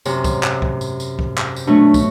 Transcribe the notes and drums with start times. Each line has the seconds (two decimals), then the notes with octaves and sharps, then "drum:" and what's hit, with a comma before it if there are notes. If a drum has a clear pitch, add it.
0.05 F#2 C3, drum: tambourine
0.24 drum: kick, tambourine
0.43 drum: clap
0.62 drum: kick
0.81 drum: tambourine
1.00 drum: tambourine
1.19 drum: kick
1.38 drum: clap
1.56 drum: tambourine
1.67 B2 F#3 A3 D4
1.94 drum: kick, tambourine